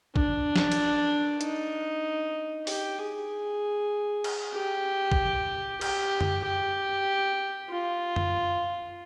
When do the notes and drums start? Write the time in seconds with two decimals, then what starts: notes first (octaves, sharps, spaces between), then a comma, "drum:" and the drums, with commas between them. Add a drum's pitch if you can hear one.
0.16 D4, drum: kick
0.56 drum: snare
0.72 drum: cymbal
1.41 D#4, drum: hi-hat
2.67 G4, drum: open hi-hat
2.98 G#4
4.24 drum: cymbal
4.55 G4
5.11 drum: kick
5.81 G4, drum: cymbal
6.21 drum: tom F#2
6.44 G4
7.70 F4
8.16 drum: tom F#2